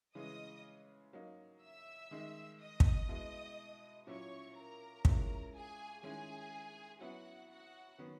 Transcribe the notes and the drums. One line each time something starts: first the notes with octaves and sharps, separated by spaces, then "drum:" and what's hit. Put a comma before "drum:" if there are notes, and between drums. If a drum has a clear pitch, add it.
C#3 E3 G#3 D#5 D#6
F#3 A#3 D#4
E5 E6
D#3 G#3 D#4
D#5 D#6
drum: kick
B2 G#3 B3 E4
A#2 F#3 C#4 E4 C#5 C#6
A#4 A#5
A#2 G#3 C#4 E4, drum: kick
G#4 G#5
D#3 G#3 C#4 E4 G#4 G#5
F#3 B3 E4 F#4 F#5
F#4 F#5
D#3 F#3 B3